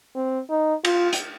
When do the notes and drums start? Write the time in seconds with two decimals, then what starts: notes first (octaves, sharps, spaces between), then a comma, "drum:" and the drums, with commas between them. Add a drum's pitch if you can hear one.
0.15 C4
0.50 D#4
0.85 F4, drum: cymbal
1.13 drum: hi-hat